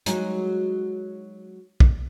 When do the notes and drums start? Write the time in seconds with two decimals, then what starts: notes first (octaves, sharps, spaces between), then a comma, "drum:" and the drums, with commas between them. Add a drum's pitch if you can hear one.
0.06 F#3 G#3 D#4, drum: hi-hat
1.80 drum: kick